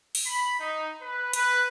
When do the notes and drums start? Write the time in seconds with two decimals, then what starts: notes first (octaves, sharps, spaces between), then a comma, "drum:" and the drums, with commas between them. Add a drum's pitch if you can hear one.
0.15 drum: open hi-hat
0.25 B5
0.58 D#4
1.01 B4
1.33 B4, drum: hi-hat